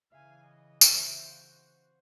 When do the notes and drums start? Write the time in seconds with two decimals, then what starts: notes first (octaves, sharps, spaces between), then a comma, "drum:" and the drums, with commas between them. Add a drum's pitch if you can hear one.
0.12 C#3 E3 E5 F5 G#5
0.43 D#5
0.81 drum: tambourine
0.95 E4 F#4 C5 E5 A#5
1.31 F5